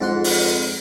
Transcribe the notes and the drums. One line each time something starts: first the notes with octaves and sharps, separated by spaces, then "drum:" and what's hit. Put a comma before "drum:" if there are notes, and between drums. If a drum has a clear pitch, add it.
F2 G#2 F#5 C6
drum: open hi-hat